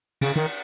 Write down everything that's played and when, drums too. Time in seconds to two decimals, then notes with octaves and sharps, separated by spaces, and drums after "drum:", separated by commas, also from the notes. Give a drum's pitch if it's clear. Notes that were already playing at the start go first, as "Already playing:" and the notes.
0.21 C#3, drum: cymbal
0.36 D#3